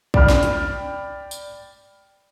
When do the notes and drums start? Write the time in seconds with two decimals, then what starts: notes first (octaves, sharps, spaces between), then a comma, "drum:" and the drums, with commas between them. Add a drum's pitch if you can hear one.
0.14 D5 G5 B5 F6, drum: kick
0.30 drum: snare
0.43 drum: hi-hat
1.31 drum: tambourine